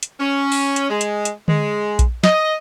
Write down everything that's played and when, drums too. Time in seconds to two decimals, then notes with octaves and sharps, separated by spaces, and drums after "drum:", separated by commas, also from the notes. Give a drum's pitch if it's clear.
0.03 drum: hi-hat
0.19 C#4
0.52 drum: open hi-hat
0.76 drum: hi-hat
0.89 G#3
1.01 drum: hi-hat
1.25 drum: hi-hat
1.48 G#3, drum: tom D3
1.99 drum: kick A#1, hi-hat
2.24 D#5, drum: snare